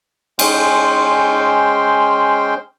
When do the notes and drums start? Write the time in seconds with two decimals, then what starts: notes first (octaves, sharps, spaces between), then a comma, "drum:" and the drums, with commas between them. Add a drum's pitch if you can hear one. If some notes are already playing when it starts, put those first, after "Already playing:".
0.39 G#3 C#4 C5 G5 C6, drum: cymbal